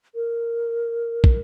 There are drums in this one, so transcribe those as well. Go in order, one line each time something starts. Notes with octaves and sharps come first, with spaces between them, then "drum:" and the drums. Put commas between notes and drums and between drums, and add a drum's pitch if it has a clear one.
A#4
drum: kick